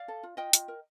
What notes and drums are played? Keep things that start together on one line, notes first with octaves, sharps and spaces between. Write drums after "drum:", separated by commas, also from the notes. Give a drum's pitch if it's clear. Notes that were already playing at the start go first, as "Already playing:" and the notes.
Already playing: D5 F5
A4
F4
F4 D#5 G5
F4, drum: hi-hat
A#4